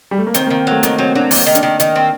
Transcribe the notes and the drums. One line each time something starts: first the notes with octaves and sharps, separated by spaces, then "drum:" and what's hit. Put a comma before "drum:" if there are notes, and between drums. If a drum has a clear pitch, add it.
G3
A3
A#3
D#3 C4, drum: hi-hat
D#3 A#3
F#3 A3
D#3 A#3, drum: hi-hat
F#3 C4
F#3 D4
D#3 A#3, drum: open hi-hat
D#3
D4, drum: hi-hat
D#3
D#3, drum: hi-hat
C4